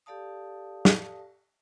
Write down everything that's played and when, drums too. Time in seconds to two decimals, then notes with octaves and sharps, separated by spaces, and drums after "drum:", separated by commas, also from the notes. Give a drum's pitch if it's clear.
0.06 G4 A4 D5 F5 A5 D#6
0.85 drum: snare